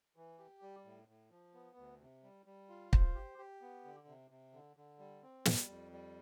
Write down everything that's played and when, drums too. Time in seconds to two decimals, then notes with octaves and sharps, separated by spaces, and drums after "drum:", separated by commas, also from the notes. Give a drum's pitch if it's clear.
0.16 E3
0.39 G4
0.62 G3
0.85 A2
1.08 A2
1.31 F3
1.54 B3
1.77 D2
2.00 C3
2.23 G3
2.46 G3
2.69 F4
2.93 C5, drum: kick
3.15 G4
3.39 G4
3.62 B3
3.85 D3
4.07 C3
4.31 C3
4.53 D3
4.77 D3
4.99 G3
5.23 C4
5.45 G3, drum: snare
5.69 F2
5.92 G3